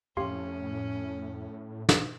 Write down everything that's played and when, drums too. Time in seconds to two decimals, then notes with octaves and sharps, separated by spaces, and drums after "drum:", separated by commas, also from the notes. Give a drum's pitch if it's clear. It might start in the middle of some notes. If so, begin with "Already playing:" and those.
0.17 F2 A2 F3 C#4 G4 F5 C6
1.89 drum: snare